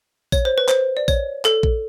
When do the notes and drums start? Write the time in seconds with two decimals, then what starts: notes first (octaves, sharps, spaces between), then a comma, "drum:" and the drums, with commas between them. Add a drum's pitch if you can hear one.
0.32 C#5, drum: kick A#1, tambourine
0.45 C5
0.58 B4
0.69 C5, drum: clap
0.97 D5
1.08 C#5, drum: kick A#1, tambourine
1.45 A4, drum: clap
1.63 drum: kick A#1